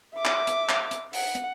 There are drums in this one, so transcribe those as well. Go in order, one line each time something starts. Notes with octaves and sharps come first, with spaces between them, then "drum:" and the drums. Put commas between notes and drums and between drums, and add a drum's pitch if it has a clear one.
E5 D6
drum: clap
drum: hi-hat
drum: clap
drum: hi-hat
F#5, drum: open hi-hat
drum: hi-hat